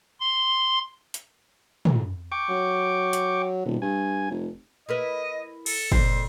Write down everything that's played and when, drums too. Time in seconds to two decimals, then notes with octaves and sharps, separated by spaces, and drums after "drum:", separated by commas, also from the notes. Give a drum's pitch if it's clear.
0.20 C6
1.14 drum: hi-hat
1.85 drum: tom
2.32 G5 C#6 D6
2.49 F#3
3.13 drum: hi-hat
3.66 D#1 B2
3.82 G2 G#5
4.30 F1
4.89 E4 A#4 B4 D#5
5.66 A4, drum: cymbal
5.92 F2 A#2 C5, drum: kick